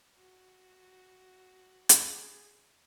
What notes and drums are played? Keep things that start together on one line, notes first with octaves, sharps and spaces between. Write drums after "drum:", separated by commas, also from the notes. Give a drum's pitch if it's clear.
F#4
G#4, drum: hi-hat